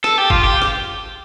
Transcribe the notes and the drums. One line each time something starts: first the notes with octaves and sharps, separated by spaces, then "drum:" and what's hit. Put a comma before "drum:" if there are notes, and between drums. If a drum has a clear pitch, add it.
A4, drum: rim click
G4
F4, drum: kick G1
G4
drum: rim click